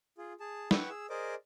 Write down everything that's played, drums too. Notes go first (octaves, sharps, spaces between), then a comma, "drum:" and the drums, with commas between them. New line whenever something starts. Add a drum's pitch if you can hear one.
F4 G#4
G#4 A5
E4 B4 E5 F#5 G5 C#6, drum: snare
G#4 E6
G#4 A#4 C5 D5 D#5 D6